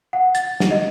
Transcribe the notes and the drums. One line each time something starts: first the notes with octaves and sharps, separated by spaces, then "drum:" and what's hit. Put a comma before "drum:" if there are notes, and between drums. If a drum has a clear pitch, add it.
F#5
A6, drum: hi-hat
drum: snare
D#5